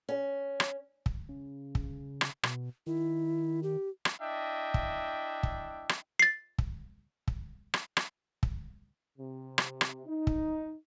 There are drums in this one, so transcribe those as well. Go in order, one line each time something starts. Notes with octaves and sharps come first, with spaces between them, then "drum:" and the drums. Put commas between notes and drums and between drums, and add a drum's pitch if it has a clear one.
C#4
drum: rim click
drum: kick
C#3
drum: kick
drum: rim click
B2, drum: rim click
D#3 E4
G4
drum: rim click
D4 E4 D#5 E5 G5
drum: kick
drum: kick
drum: rim click
A6 C7
drum: kick
drum: kick
drum: rim click
drum: rim click
drum: kick
C3
drum: rim click
drum: rim click
D#4
drum: kick